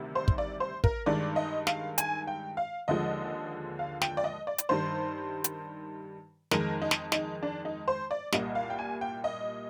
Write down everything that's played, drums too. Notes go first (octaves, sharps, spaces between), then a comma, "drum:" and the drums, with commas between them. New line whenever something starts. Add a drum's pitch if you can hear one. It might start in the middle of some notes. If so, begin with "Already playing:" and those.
Already playing: D2 C3 D#3 G3
C5
drum: kick
D5
C5
A#4, drum: kick
G2 D#3 G#3 D5
D#5
F5, drum: snare
G#5, drum: hi-hat
G5
F5
D#2 D3 F3 G#3 D#5
F5
G5, drum: snare
D5
D#5
D5
drum: hi-hat
G2 D#3 G3 C5
drum: hi-hat
F2 D#3 G#3 A#4, drum: snare
D#4
drum: snare
D#4, drum: snare
D4
D#4
C5
D5
C2 A#2 G3 D#5, drum: snare
F5
G5
G#5
G5
D#5